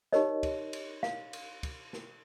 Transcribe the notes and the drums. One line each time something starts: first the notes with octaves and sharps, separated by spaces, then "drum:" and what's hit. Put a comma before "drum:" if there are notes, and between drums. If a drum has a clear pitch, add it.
D#4 G4 A#4 C#5 D#5, drum: snare
drum: kick, cymbal
drum: cymbal
F5, drum: snare
drum: cymbal
drum: kick, cymbal
drum: snare